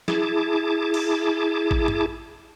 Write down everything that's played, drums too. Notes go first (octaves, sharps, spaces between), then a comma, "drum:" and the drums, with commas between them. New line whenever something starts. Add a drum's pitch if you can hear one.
E4 G#4 A5 D6, drum: snare
drum: cymbal
drum: kick A1
drum: tom